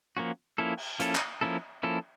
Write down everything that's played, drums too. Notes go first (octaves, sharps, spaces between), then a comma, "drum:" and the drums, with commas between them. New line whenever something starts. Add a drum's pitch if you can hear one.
F3 A#3 C#4 F#4
F3 A#3 C#4 E4 A4
drum: cymbal
F3 A#3 C#4 E4 A4, drum: hi-hat
drum: clap
F3 A#3 C#4 E4 A4
F3 A#3 C#4 E4 A4